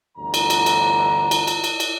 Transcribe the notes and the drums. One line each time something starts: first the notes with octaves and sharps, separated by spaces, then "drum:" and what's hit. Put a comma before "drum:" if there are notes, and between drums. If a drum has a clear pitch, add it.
G1 D2 D3 E3 A#5
drum: cymbal
drum: cymbal
drum: cymbal
drum: cymbal
drum: cymbal
drum: cymbal
drum: cymbal